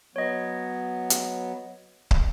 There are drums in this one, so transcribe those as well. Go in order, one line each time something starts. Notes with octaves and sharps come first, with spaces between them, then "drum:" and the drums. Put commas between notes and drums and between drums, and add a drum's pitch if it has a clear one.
F#3 B3 C#5 D#5
drum: hi-hat
drum: kick